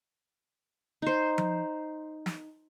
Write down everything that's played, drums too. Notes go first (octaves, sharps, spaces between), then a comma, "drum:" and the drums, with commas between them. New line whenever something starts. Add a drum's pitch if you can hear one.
D#4 C5
drum: tom F3
drum: snare